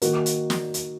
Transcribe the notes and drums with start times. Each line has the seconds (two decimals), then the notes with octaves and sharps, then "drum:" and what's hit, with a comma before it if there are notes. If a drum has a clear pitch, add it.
0.02 D#3 A#3 D#4 F#4 A#4, drum: hi-hat
0.26 drum: hi-hat
0.50 drum: snare
0.74 drum: hi-hat